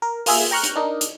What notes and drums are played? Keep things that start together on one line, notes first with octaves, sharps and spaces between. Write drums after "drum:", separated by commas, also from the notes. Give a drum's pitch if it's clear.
A#4
A#3 F4 G#4 E5, drum: open hi-hat
G5 A#5 C#6 F6 F#6
drum: hi-hat
D4 D#4 A#4
drum: hi-hat